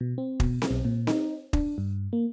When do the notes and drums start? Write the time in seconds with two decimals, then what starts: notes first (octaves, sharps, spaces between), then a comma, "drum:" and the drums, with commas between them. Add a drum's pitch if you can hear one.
0.01 B2
0.18 C4
0.40 B2, drum: kick
0.62 drum: snare C4
0.71 B1
0.85 A#2
1.07 D#4, drum: snare C4
1.53 D4, drum: kick
1.78 G2
2.13 A#3